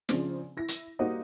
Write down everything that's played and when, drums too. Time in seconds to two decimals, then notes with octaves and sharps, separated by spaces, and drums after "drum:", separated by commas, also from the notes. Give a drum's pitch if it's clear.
0.09 C#3 F3 C4 D4, drum: snare
0.57 E4 A#6
0.68 drum: hi-hat
0.99 G3 A#3 D#4 F#4 C5 D#5